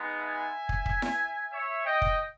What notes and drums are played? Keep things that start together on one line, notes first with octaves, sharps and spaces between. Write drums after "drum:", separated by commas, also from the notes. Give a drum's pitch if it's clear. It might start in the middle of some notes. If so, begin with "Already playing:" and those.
Already playing: G#3 B3 D#4
E5 G#5
drum: kick
drum: kick
drum: snare E4
C#5 E5
D#5 G5
drum: kick